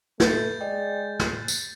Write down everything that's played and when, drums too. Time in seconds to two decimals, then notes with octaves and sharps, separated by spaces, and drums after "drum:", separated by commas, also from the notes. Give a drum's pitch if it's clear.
0.20 A3 B4 G6 A6, drum: snare
0.61 G#3 D5 D#5 G5
1.19 F#6, drum: snare
1.48 drum: tambourine